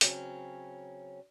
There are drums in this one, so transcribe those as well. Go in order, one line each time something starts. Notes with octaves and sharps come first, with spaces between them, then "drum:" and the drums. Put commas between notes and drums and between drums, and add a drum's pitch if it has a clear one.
C#3 F#3 C4 C#4, drum: hi-hat